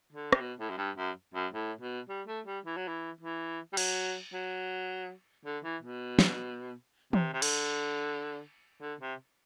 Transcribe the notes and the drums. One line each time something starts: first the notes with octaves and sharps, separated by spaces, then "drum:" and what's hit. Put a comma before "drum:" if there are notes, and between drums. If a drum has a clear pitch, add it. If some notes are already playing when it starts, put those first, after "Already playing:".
D3
C3, drum: rim click
B2
A2
F#2
G2
F#2
F#2
A2
B2
G3
A3
G3
E3
F#3
E3
E3
G3
F#3, drum: cymbal
F#3
D3
E3
B2
drum: snare
C3, drum: tom
C3
D3, drum: cymbal
D3
C3